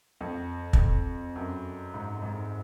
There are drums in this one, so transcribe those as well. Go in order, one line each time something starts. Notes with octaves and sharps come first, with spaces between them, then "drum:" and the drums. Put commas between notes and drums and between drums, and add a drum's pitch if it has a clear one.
F2
drum: kick
F#2
G#2
G#2